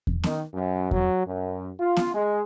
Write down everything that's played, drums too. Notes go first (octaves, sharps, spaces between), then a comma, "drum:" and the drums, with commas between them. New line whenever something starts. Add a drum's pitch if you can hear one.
drum: kick E2
D#3, drum: snare B3
F#2
F#3, drum: kick E2
F#2
F4
drum: snare B3
G#3